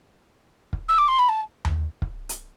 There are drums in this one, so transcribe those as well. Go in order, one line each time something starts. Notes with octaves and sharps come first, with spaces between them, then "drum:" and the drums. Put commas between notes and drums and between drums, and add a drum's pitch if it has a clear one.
drum: kick
E6
D6
C6
B5
A5
drum: tom D#2
drum: kick
drum: hi-hat